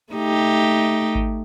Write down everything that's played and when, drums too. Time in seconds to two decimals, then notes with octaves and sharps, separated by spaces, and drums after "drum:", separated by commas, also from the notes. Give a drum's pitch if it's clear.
0.13 A3 D#4 G4
1.15 drum: kick G#1